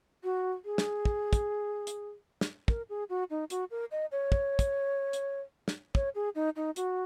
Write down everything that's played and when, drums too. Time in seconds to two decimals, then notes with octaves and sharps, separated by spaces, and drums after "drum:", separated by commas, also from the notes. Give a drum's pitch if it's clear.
0.23 F#4
0.65 G#4
0.78 drum: snare
1.05 drum: kick
1.33 drum: kick, hi-hat
1.87 drum: hi-hat
2.41 drum: snare
2.68 A#4, drum: kick
2.89 G#4
3.09 F#4
3.30 D#4
3.50 F#4, drum: hi-hat
3.71 A#4
3.91 D#5
4.12 C#5
4.32 drum: kick
4.59 drum: kick, hi-hat
5.13 drum: hi-hat
5.68 drum: snare
5.95 C#5, drum: kick
6.15 G#4
6.35 D#4
6.56 D#4
6.76 F#4, drum: hi-hat